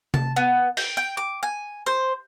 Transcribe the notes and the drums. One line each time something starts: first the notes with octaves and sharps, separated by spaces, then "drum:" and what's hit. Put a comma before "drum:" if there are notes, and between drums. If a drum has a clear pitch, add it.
A5, drum: tom C3
B3
G5, drum: open hi-hat
G5
D6
G#5
C5